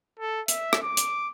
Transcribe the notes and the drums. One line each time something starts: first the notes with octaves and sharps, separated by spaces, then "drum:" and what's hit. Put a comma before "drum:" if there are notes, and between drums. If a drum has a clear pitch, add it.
A4
E5, drum: hi-hat
drum: rim click
D6
drum: hi-hat